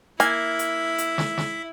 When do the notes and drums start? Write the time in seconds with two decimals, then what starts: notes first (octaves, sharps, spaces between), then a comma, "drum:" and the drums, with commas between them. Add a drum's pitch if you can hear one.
0.20 A#3 E4 E5 G#5, drum: hi-hat
0.59 drum: hi-hat
0.98 drum: hi-hat
1.18 drum: snare
1.38 drum: snare